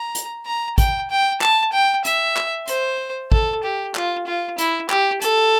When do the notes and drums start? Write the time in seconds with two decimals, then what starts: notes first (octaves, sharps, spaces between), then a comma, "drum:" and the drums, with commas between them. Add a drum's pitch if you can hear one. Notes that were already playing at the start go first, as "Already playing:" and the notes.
Already playing: A#5
0.15 drum: hi-hat
0.46 A#5
0.78 G5, drum: kick, hi-hat
1.10 G5
1.41 A5, drum: clap
1.72 G5
2.05 E5, drum: hi-hat
2.36 drum: clap
2.68 C5, drum: hi-hat
3.32 A4, drum: kick
3.63 G4
3.95 F4, drum: clap
4.27 F4
4.58 E4, drum: hi-hat
4.90 G4, drum: clap
5.22 A4, drum: hi-hat